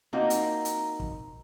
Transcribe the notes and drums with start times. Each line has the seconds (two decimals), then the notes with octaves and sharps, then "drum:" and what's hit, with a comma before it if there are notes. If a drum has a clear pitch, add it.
0.13 A#3 C4 D#4 F4 F#4
0.30 drum: hi-hat
0.65 drum: hi-hat
1.00 drum: kick